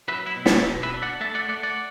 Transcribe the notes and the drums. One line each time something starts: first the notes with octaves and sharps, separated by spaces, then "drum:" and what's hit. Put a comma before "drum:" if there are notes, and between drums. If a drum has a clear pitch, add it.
F#3 B4 E5
E4
B2
E4 A4, drum: snare
B2
B4 E5
D4
D5 F#5
A3 E5 A5
D5 F#5
A3 D5 F#5
D5 F#5